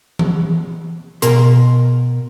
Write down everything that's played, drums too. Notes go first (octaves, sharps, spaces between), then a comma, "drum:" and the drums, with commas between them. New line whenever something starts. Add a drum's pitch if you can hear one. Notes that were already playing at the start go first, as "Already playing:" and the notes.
drum: tom E3
B2 A#4 C6, drum: hi-hat